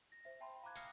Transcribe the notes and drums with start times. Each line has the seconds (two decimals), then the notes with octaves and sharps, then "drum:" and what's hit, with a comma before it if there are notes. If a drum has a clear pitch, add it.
0.12 A#6
0.25 C5 E5
0.41 E5 G5 A5 B5 C6
0.63 F5 A#5 B5 D6 F#6 G#6
0.76 D#6 F6 A#6 C7 C#7, drum: hi-hat